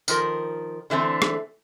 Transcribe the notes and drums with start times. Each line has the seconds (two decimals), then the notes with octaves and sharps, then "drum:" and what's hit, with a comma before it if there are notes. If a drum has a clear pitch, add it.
0.08 D#3 F3 A#4, drum: tambourine
0.90 D3 E3 A3 C4
1.22 drum: rim click